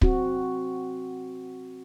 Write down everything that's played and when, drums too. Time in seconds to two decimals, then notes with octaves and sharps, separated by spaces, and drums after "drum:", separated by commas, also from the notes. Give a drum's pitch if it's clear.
0.02 C4 F#4, drum: kick